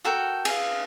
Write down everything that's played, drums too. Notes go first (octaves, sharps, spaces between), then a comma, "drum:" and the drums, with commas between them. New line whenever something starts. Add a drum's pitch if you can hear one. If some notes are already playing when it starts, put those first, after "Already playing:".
F#4 A4 A#4 G5
G#4 F5, drum: cymbal